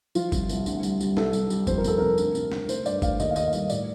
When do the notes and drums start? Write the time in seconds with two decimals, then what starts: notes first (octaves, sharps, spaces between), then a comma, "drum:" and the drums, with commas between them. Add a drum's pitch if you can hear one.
0.15 F3 F4, drum: tambourine
0.32 C2, drum: kick, tambourine
0.49 C2, drum: tambourine
0.66 D2, drum: tambourine
0.83 G3, drum: tambourine
1.00 G3, drum: tambourine
1.17 C2 A4, drum: snare
1.33 C2, drum: tambourine
1.50 G3, drum: tambourine
1.67 F2 C5, drum: kick, tambourine
1.78 A#4
1.84 F2 A4, drum: tambourine
1.98 C3 A#4
2.18 D2, drum: tambourine
2.35 C3, drum: tambourine
2.52 C3, drum: snare
2.69 A3 C5, drum: tambourine
2.86 G2 D5, drum: tambourine
3.02 A3 F5, drum: kick, tambourine
3.20 D#2 D#5, drum: tambourine
3.30 F5
3.36 D#2 D#5, drum: tambourine
3.47 F5
3.53 G3 D#5, drum: tambourine
3.70 A2 D5, drum: tambourine